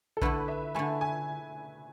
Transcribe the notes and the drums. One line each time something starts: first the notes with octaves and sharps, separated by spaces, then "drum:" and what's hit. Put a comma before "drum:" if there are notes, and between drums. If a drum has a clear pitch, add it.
A4
D3 A3 E4 B4, drum: kick A#1
E5
D3 A3 E4 G#5
G#5